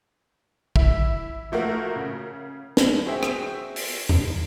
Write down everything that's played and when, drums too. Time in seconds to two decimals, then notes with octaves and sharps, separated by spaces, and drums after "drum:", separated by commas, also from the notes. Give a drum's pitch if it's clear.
0.76 E4 E5, drum: kick
1.52 F3 A3 A#3 F#4
1.96 C#3
2.77 drum: snare
3.06 F#4 G#4 C5 E5 G5
3.23 drum: rim click
3.76 drum: open hi-hat
4.09 drum: tom E2